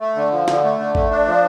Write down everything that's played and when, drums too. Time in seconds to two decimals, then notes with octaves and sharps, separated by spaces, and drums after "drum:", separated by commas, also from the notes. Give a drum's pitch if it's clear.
0.01 A3
0.16 D3
0.32 F3
0.48 D3, drum: snare
0.64 A3
0.79 D3
0.95 A3, drum: kick
1.11 D4
1.27 F3